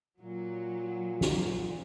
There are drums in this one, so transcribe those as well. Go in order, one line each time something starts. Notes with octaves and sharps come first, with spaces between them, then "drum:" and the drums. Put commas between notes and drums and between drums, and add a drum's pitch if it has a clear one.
A#2 F#3
drum: snare